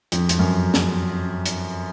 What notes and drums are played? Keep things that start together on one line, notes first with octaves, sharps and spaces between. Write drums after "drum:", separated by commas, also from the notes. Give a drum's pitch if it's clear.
F2, drum: hi-hat
F2, drum: hi-hat
F#2
drum: snare
drum: hi-hat